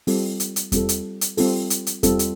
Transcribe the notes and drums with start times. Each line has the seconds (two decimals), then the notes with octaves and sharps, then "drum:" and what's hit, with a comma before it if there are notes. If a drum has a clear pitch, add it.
0.07 G3 C4 F4 A4, drum: open hi-hat
0.40 drum: hi-hat
0.56 drum: hi-hat
0.72 G3 C4 F4 A4, drum: kick E2, hi-hat
0.89 drum: hi-hat
1.21 drum: hi-hat
1.37 G3 C4 F4 A4, drum: open hi-hat
1.70 drum: hi-hat
1.87 drum: hi-hat
2.03 G3 C4 F4 A4, drum: kick E2, hi-hat
2.19 drum: hi-hat